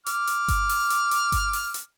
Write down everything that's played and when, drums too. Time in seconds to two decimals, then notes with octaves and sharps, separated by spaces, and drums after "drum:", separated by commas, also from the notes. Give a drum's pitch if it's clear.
0.06 D6 F6, drum: hi-hat
0.27 drum: hi-hat
0.48 drum: kick G1, hi-hat
0.69 drum: open hi-hat
0.90 drum: hi-hat
1.11 drum: hi-hat
1.32 drum: kick G1, hi-hat
1.53 drum: open hi-hat
1.74 drum: hi-hat